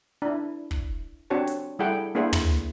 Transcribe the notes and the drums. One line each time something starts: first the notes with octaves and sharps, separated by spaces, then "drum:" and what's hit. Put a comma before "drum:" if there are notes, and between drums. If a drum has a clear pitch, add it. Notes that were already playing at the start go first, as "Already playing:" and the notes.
D4 E4
drum: kick
C4 D4 F#4 G4 C#5 A5
drum: hi-hat
G3 E4 G#4 A4 F#5 G5
A#3 D4 E4 G#4 C5 F#5
drum: tom